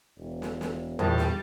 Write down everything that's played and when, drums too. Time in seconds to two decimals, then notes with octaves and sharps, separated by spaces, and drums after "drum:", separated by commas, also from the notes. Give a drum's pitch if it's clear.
0.17 E1
0.42 drum: snare
0.61 drum: snare
0.99 A#1 A2 E3 G3 G#3, drum: tom E2
1.18 drum: snare